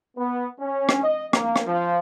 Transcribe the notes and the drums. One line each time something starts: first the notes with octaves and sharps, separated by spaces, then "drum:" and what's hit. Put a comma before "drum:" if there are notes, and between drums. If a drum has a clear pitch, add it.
B3
C#4
drum: rim click
D#5
A#3, drum: rim click
drum: rim click
F3